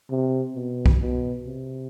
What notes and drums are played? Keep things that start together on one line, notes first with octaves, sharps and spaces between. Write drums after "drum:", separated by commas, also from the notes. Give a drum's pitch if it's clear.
C3
B2
drum: kick C2
B2
C3